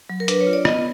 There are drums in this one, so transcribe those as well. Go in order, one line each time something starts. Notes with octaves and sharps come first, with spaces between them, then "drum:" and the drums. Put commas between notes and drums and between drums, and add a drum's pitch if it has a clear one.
F#3
A#4
D4 B4, drum: hi-hat
C#5
F4
D5
B3 D#5, drum: rim click